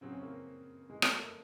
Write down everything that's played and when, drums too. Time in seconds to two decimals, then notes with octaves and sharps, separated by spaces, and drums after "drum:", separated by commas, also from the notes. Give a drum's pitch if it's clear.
0.01 C#3 F#3 C4
0.12 C#4
0.23 A#3 C4
0.90 G#3
1.02 A3, drum: rim click
1.15 A#3